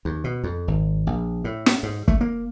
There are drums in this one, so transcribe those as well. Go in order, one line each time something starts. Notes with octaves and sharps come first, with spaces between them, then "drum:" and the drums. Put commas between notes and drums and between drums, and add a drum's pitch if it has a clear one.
D#2
B2
F2
G#1
A#1
A2
drum: snare
G#2
A3, drum: kick
A#3